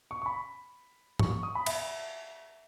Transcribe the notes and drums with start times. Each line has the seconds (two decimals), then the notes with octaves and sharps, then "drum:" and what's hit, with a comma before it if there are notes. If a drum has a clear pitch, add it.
0.11 C#6
0.22 C#6
0.26 B5
1.19 C#6, drum: tom
1.31 C#6
1.43 D#6
1.55 B5
1.66 E5, drum: cymbal